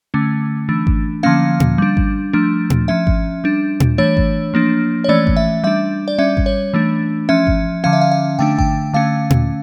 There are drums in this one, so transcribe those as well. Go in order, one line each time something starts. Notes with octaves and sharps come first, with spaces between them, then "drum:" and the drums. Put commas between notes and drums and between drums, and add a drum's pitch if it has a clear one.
D3 A3 C#4
E3 A3 D4
drum: kick G#1
D3 F3 A#3 C#4 F5
drum: tom A#2
G3 D4
drum: kick G#1
F3 A3 D4
drum: tom A#2
F3 C#4 E5
drum: kick G#1
G3 D4
drum: tom A#2
E3 A3 D4 C#5
drum: kick G#1
F3 A#3 D4
C#5
E3 A3 C#4 D5
drum: kick G#1
E5
G3 D4 E5
D5
G3 C#4 E5
drum: kick G#1
C#5
E3 A3 D4
F3 C#4 E5
drum: kick G#1
D3 F3 C#4 F5
E5
F5
F5
D3 A3 D4 G5
G5, drum: kick G#1
D3 A3 C#4 F5
drum: tom A#2